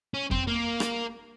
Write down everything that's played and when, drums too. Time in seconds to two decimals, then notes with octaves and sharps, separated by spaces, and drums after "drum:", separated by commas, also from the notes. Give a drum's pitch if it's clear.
0.14 C#4
0.31 C4, drum: kick F2
0.47 A#3
0.80 drum: rim click